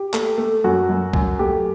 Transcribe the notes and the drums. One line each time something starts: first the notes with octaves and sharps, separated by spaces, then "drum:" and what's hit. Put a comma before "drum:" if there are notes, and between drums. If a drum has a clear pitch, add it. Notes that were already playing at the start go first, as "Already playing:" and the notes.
Already playing: G4
A3, drum: clap
A3
F#2 F#4
F#2
F#2, drum: kick B1
A3 G4